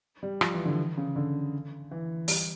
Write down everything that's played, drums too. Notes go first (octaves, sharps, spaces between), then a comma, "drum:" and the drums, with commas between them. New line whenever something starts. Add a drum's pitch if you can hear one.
G3
F3, drum: rim click
E3
D3
C#3
D3
E3
G3, drum: open hi-hat